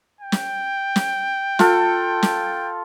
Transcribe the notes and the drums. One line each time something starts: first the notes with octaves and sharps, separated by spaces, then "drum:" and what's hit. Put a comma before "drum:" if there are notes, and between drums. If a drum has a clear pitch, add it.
G5
drum: snare
drum: snare
F4 A4, drum: snare
drum: snare